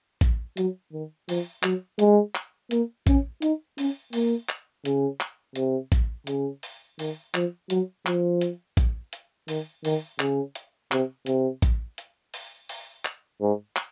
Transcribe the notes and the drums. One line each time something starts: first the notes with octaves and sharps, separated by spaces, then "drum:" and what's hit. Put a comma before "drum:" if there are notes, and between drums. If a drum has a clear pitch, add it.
drum: kick, hi-hat
F#3, drum: hi-hat
D#3
F3, drum: open hi-hat
F#3, drum: clap
G#3, drum: hi-hat
drum: clap
A#3, drum: hi-hat
C#4, drum: kick, hi-hat
D#4, drum: hi-hat
C#4, drum: open hi-hat
A#3, drum: open hi-hat
drum: clap
C#3, drum: hi-hat
drum: clap
C3, drum: hi-hat
drum: kick, hi-hat
C#3, drum: hi-hat
drum: open hi-hat
D#3, drum: open hi-hat
F3, drum: clap
F#3, drum: hi-hat
F3, drum: clap
drum: hi-hat
drum: kick, hi-hat
drum: hi-hat
D#3, drum: open hi-hat
D#3, drum: open hi-hat
C#3, drum: clap
drum: hi-hat
C3, drum: clap
C3, drum: hi-hat
drum: kick, hi-hat
drum: hi-hat
drum: open hi-hat
drum: open hi-hat
drum: clap
G#2
drum: clap